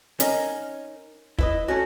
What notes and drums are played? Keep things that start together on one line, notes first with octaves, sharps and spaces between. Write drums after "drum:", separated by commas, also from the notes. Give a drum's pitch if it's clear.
C#4 D#4 A#4, drum: hi-hat
E4 B4 D#5, drum: kick
A3 C#4 F#4